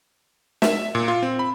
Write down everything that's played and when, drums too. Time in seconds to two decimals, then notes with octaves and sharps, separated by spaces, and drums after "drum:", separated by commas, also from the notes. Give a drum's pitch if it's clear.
0.62 E5, drum: snare
0.95 A#2
1.08 F4
1.23 C4
1.39 B5